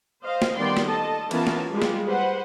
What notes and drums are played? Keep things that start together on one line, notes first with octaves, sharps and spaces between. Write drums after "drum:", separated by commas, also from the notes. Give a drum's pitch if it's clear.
C5 D#5 F5
drum: snare
D#3 G3 B3 D5 G5 C6
drum: snare
A4 D#5 A5
E3 B3 C#4 F4 A#4 A5, drum: cymbal
drum: snare
G3 G#3 F4 G4
drum: snare
B4 C5 F#5